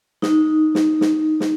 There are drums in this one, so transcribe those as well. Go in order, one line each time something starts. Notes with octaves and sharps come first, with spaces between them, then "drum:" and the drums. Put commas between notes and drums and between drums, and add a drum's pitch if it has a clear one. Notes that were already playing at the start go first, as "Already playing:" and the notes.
D#4, drum: snare
drum: snare
drum: snare
drum: snare